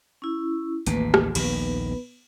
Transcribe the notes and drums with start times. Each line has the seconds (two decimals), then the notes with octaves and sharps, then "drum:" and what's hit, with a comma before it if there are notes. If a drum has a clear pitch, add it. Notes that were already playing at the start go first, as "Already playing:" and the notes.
0.22 C#4 E4
0.87 A1 D#2 C3 A3 A#3 B4, drum: hi-hat
1.14 drum: rim click
1.35 A#1 D#2 D#3 B3 B4, drum: cymbal